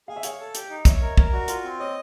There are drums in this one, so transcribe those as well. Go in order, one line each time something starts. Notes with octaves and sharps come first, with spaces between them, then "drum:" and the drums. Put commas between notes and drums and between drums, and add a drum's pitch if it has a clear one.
G#4 F5
E5
C#5 F5, drum: hi-hat
A4
G4, drum: hi-hat
D#4
C#5 E5, drum: kick, hi-hat
A#4 D#5
A#4, drum: kick
F#4 D5
F4, drum: hi-hat
C4
C#5 D#5